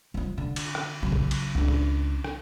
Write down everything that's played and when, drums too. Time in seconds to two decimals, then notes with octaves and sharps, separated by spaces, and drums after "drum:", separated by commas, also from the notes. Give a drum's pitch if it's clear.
0.14 F3 F#3
0.38 D3
0.56 drum: cymbal
0.75 drum: rim click
1.03 C#3 F#3
1.12 drum: kick
1.31 drum: cymbal
1.55 C#2 D4
1.68 drum: tom
2.24 drum: rim click